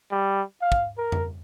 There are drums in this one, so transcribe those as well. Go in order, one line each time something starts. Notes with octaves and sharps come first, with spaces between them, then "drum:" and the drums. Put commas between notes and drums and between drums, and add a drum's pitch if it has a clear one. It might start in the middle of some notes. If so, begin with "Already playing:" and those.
G3
F5
drum: kick
A#4
drum: tom F2